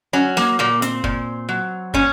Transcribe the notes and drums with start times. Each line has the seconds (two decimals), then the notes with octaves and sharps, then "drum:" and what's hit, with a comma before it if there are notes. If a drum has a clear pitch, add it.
0.13 F#3 C#4
0.37 A#3, drum: snare
0.59 A#2 A#3
0.82 C4, drum: hi-hat
1.04 A#2, drum: kick
1.49 F#3
1.94 A#2 C#4, drum: kick